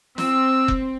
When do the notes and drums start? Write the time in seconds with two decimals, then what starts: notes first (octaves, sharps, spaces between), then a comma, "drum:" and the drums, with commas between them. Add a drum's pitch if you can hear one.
0.18 C4 E6, drum: snare
0.68 drum: kick F1